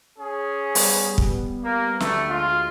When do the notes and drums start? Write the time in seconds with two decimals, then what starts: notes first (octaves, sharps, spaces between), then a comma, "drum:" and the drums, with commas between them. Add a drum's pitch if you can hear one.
0.19 C#4 G#4
0.75 G3 B3, drum: open hi-hat
1.18 drum: kick
1.63 A#3
2.00 D2 G3 A3, drum: snare
2.30 G#3 F4